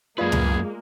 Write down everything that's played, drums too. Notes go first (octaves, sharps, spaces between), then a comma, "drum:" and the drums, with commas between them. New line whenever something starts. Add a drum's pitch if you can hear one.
F#2 G#3 A#3 F4 G#4 B4 D5 F5
drum: tom C#2